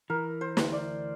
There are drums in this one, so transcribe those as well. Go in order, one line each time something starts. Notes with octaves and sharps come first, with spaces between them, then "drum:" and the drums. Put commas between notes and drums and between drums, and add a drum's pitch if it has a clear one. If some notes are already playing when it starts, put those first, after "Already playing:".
E3 A#4
C5
D2, drum: snare
D5